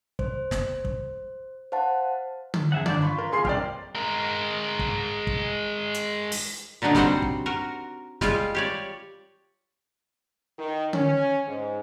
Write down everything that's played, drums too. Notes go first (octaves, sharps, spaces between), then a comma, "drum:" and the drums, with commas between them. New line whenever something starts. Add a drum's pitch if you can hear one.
C5, drum: kick
drum: snare
drum: kick
C5 F5 F#5 A5
drum: tom D3
F2 G#4 E5 F#5
G1 D5 G6, drum: tom D3
F4 B5 C#6 B6
A#4
A#3 G#4 C6 C7
G1 C3 D5 G5 F6, drum: kick
G#3 A#4
drum: kick
drum: kick
drum: hi-hat
drum: open hi-hat
A#2 D3 F#3 D4 D#4
G3 C4 F#4 C5 F#5, drum: snare
drum: kick
F#4 A#4
G3 G#3 F4 G4, drum: snare
G4 C#5 D5
D#3
C#4, drum: tom D3
G#2